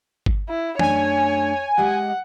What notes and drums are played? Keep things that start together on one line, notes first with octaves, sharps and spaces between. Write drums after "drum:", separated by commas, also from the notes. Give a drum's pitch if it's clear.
drum: kick G1
E4
F#2 A3 D4 C#5 G#5, drum: tom
G#3 G4 D#5 F#5